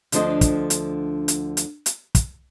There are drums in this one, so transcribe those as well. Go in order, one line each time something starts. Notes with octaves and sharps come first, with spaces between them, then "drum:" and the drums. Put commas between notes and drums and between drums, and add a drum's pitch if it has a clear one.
D2 D3 F3 D4 C5 D#5, drum: hi-hat
drum: kick, hi-hat
drum: hi-hat
drum: hi-hat
drum: hi-hat
drum: hi-hat
drum: kick, hi-hat